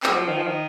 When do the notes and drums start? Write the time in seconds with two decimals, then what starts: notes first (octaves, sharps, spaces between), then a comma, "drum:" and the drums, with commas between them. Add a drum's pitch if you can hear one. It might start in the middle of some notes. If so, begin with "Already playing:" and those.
0.03 C4, drum: clap
0.09 F#3
0.16 F3
0.28 D#3
0.38 F3
0.47 D#3